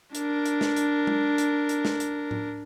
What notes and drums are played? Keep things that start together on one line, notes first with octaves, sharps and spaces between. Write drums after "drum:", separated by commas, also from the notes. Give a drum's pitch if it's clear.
D4 A#4, drum: hi-hat
drum: hi-hat
drum: snare
drum: hi-hat
drum: tom G#3
drum: hi-hat
drum: hi-hat
drum: snare
drum: hi-hat
drum: tom A2